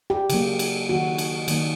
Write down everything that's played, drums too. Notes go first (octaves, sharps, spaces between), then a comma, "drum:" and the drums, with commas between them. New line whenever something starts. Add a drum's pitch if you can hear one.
G4
C#3 F#3 A#3, drum: cymbal
drum: cymbal
D#3 F#3 A#3 F#4
drum: cymbal
D#3 F#3 A#3, drum: cymbal